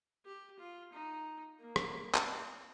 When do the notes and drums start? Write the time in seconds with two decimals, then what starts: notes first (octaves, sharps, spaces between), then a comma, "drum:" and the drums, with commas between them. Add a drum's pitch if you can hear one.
0.26 G4
0.59 F4
0.93 D#4
1.60 A#3
1.76 drum: rim click
2.15 drum: clap
2.27 C4